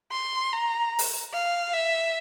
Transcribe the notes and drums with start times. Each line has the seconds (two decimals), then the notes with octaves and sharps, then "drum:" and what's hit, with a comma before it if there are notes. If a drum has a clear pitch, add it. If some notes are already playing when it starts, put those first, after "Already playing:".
0.12 C6
0.53 A#5
0.99 drum: open hi-hat
1.33 F5
1.73 E5